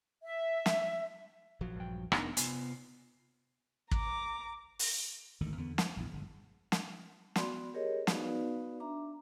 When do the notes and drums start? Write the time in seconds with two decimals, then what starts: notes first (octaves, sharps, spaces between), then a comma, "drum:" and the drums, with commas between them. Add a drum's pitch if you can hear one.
0.23 E5
0.66 drum: snare
1.61 A#1 F3 F#3
1.76 G2 G5
2.12 F1 B3 D4 D#4 A#4, drum: rim click
2.37 C3 B3 F4 G#5, drum: hi-hat
3.91 A#5 D6, drum: kick
4.79 drum: open hi-hat
5.41 G#1 D2 D3 D#3
5.57 E2 D3 B3
5.78 F3, drum: snare
5.97 A#1 E2
6.09 G1 G#2
6.72 drum: snare
7.36 B3 F#4 D5 B5 C6, drum: snare
7.74 G4 G#4 A#4 C#5 D#5
8.07 B3 D#4 F#4 B4 D5 F5, drum: snare
8.80 D4 E5 A#5 D6